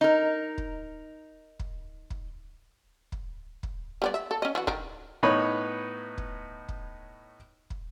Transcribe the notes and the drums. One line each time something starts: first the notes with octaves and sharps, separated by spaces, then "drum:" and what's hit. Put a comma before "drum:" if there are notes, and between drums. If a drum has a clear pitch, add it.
D#4 A#4
drum: kick
drum: kick
drum: kick
drum: kick
drum: kick
G3 B3 D5
E5
A4
C#4 D#5
E3 F#4
D#3 A#4, drum: kick
A2 B3 D#4 B4 C#5 B5
drum: kick
drum: kick
drum: kick